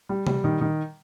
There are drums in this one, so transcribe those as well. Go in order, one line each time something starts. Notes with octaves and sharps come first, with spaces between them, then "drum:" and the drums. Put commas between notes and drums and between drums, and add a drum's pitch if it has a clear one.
G3
G3, drum: tom C3
D#3
D#3